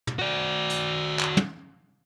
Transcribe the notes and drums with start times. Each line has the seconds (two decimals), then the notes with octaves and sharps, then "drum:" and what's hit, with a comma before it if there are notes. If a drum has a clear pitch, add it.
0.07 drum: tom
0.19 F#4 D5
0.70 drum: hi-hat
1.19 drum: clap
1.37 drum: tom